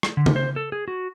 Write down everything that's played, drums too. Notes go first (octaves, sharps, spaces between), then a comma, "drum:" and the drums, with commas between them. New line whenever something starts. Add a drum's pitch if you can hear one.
drum: rim click
D3
drum: tom C#3
C5
A4
G#4
F#4